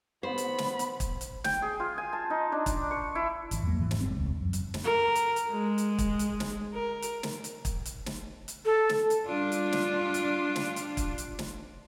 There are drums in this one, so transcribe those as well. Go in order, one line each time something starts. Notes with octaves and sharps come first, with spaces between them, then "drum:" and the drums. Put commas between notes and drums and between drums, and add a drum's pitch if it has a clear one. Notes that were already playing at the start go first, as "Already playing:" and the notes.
B3 C5 B5
drum: hi-hat
drum: snare
drum: hi-hat
drum: kick, hi-hat
drum: hi-hat
G5, drum: snare
G#4
F4
G#5
A5
D#4
D4
drum: kick, hi-hat
C#6
E4
G#1 E3, drum: hi-hat
E2 F#3 A#3
G#2 E3
drum: snare
F#1 G3 C4
E1 C#2
F#2
drum: hi-hat
drum: snare
A#4
drum: hi-hat
drum: hi-hat
G#3
drum: hi-hat
drum: kick, hi-hat
drum: hi-hat
drum: snare
A#4
drum: hi-hat
drum: snare
drum: hi-hat
drum: kick, hi-hat
drum: hi-hat
drum: snare
drum: hi-hat
A4
drum: snare
drum: hi-hat
G3 D4 F4
drum: hi-hat
drum: snare
drum: hi-hat
drum: snare
drum: hi-hat
drum: kick, hi-hat
drum: hi-hat
drum: snare